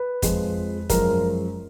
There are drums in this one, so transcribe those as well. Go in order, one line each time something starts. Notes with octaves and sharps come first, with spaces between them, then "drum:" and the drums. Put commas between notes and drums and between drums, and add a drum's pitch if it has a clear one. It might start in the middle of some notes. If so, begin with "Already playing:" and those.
Already playing: B4
F2 F3 G#3, drum: kick, hi-hat
F#2 F3 G#3 A#4, drum: kick, hi-hat